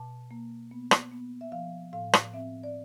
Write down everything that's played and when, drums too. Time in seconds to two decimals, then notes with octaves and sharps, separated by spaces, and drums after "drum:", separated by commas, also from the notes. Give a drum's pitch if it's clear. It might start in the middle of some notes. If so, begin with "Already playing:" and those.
Already playing: B2 A5
0.31 A#3
0.71 B3
0.91 drum: rim click
1.12 B3
1.41 E5
1.52 F3 F5
1.93 A2 F5
2.13 drum: rim click
2.33 C4 E5
2.63 D5